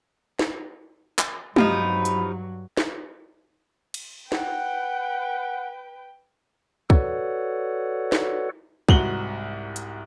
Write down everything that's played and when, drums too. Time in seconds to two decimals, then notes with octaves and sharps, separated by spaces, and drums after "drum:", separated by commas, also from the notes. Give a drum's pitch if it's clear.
0.39 drum: snare
1.19 drum: clap
1.56 G2 C3 F3 F#3 D#4 B5, drum: tom
2.05 drum: hi-hat
2.77 drum: snare
3.94 drum: cymbal
4.32 B4 F#5 G5, drum: snare
6.90 F#4 A4 B4 C#5 D5 F#5, drum: kick
8.12 drum: snare
8.89 C2 G#2 F#4 F#7 G7, drum: kick
9.76 drum: hi-hat